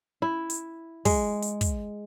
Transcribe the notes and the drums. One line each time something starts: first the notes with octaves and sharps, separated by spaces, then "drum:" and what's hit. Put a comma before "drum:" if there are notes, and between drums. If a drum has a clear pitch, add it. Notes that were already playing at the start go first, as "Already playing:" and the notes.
E4
drum: hi-hat
G#3, drum: kick, open hi-hat
drum: hi-hat
drum: kick, hi-hat